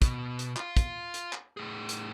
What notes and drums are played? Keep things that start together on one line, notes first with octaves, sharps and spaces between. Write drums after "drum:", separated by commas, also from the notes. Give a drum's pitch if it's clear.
B2, drum: kick, hi-hat
drum: hi-hat
F4 F5, drum: clap
drum: kick, hi-hat
drum: hi-hat
drum: clap
A2 G#4
drum: hi-hat